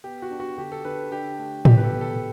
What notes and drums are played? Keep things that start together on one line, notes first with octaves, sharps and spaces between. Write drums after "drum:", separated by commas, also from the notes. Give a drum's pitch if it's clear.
B3 G4
F#4
D4
F#4
D3 G4
A4
D3 B4
D4 G4
A3
B2 G4, drum: tom A2
B4
A4
B2
A4